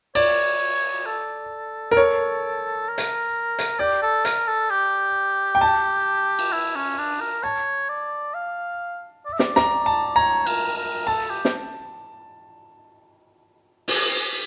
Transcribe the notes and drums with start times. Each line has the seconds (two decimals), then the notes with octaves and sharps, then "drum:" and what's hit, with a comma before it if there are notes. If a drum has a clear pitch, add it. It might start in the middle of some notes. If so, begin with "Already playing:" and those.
0.15 C#5 D5, drum: cymbal
1.06 A4
1.91 A#4
1.97 C#5
2.88 A#4
2.98 drum: hi-hat
3.59 drum: hi-hat
3.79 G4 D5
4.02 A4
4.25 A#4, drum: hi-hat
4.48 A4
4.71 G4
5.55 G5
5.61 A5
6.39 drum: cymbal
6.52 E4
6.75 C#4
6.98 D4
7.21 A#4
7.43 C#5 A5
7.89 D5
8.34 F5
9.26 D5
9.33 E5
9.39 D5, drum: snare
9.56 A#5, drum: snare
9.86 A5
10.16 C#5 A#5
10.47 A#4, drum: cymbal
10.77 A#4
11.07 A4 A5
11.30 G4
11.45 drum: snare
13.88 drum: open hi-hat